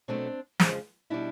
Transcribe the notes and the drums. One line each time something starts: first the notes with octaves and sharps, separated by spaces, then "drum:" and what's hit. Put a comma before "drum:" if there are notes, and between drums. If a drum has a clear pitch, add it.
B2 F#3 A3 C4 D4
F2 C#3 F3 G#3, drum: snare
B2 G3 D4 E4